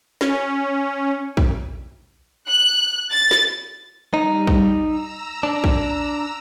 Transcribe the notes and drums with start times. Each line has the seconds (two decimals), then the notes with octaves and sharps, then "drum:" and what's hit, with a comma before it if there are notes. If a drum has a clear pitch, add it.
0.21 C#4, drum: snare
1.37 drum: kick
2.49 F#6
3.12 A6
3.31 drum: snare
4.14 G3 D#4
4.47 drum: kick
4.84 A#5 E6
5.43 D4
5.64 drum: kick